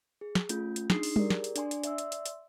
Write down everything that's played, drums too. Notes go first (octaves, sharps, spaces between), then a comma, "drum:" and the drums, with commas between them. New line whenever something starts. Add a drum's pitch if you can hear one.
G#4
drum: snare
A3 C#4 F4 A4 G6, drum: hi-hat
drum: hi-hat
D4 D#4 G#4 C6 D#6 C7, drum: snare
drum: open hi-hat
G4 G#4 A#4 D5, drum: tom G3
drum: snare
drum: hi-hat
D4 D5 G#5 C6, drum: hi-hat
drum: hi-hat
D5 E5 C6 E6, drum: hi-hat
drum: hi-hat
drum: hi-hat
drum: hi-hat